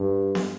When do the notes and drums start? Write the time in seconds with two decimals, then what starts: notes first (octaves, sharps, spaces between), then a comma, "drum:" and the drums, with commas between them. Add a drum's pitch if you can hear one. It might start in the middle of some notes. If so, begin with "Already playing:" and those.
Already playing: G2
0.35 drum: snare B3